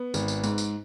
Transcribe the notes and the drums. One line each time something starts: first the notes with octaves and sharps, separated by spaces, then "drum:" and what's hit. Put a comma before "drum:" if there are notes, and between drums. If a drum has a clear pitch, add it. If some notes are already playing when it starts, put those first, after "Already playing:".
Already playing: B3
G#1, drum: tambourine
drum: tambourine
G#2, drum: tambourine
drum: tambourine